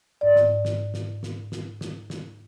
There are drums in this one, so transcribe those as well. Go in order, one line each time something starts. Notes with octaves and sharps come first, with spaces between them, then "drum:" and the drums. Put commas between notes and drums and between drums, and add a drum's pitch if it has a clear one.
G#2 D5
drum: snare
drum: snare
drum: snare
drum: snare
drum: snare
drum: snare
drum: snare